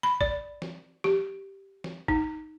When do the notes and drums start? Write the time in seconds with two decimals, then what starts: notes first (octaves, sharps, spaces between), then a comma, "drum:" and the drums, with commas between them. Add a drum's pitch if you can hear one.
0.03 B5
0.21 D5, drum: kick
0.62 drum: snare
1.04 G4, drum: snare
1.84 drum: snare
2.08 D#4, drum: kick